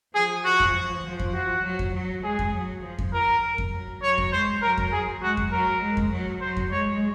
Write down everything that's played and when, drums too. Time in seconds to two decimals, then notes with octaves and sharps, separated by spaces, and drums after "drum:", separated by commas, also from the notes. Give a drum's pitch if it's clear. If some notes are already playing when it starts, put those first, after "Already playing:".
0.15 F3 G#4
0.45 F#4
0.60 drum: kick F2
1.05 F3
1.19 drum: kick F2
1.34 F#4
1.64 F#3
1.79 drum: kick F2
1.94 F#3
2.24 G#3 G#4
2.39 drum: kick F2
2.53 F#3
2.84 F3
2.99 drum: kick F2
3.13 A#4
3.58 drum: kick F2
3.73 F#3
4.03 F#3 C#5
4.18 drum: kick F2
4.33 G#3 C5
4.62 F#3 A#4
4.78 drum: kick F2
4.92 G#4
5.22 G#3 F#4
5.37 drum: kick F2
5.52 F#3 A#4
5.81 G#3
5.97 drum: kick F2
6.12 F#3
6.42 F#3 C5
6.57 drum: kick F2
6.72 G#3 C#5